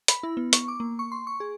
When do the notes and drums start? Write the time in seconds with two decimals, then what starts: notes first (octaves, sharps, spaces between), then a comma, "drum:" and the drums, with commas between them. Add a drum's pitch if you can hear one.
0.08 B5, drum: hi-hat
0.23 E4
0.37 B3
0.53 C#6, drum: hi-hat
0.68 D6
0.80 A#3
0.99 C#6
1.12 C6
1.27 C#6
1.40 G#4